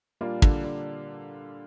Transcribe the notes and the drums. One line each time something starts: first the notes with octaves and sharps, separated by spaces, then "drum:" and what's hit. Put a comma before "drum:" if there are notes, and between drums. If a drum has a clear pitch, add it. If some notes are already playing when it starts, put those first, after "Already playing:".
A#2 G3 A#3 D4 F4
D3, drum: kick
D3